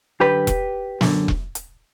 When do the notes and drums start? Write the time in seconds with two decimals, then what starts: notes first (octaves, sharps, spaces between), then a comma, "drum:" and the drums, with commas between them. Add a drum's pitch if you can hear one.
0.20 F#2 D3 G4 B4
0.47 drum: kick E1, hi-hat
1.01 F#2 D3, drum: snare
1.28 drum: kick E1
1.55 drum: hi-hat